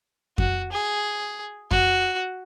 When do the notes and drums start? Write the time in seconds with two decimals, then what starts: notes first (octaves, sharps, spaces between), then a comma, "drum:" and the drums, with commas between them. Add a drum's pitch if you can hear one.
0.38 F#4, drum: kick F2
0.72 G#4
1.71 F#4, drum: kick F2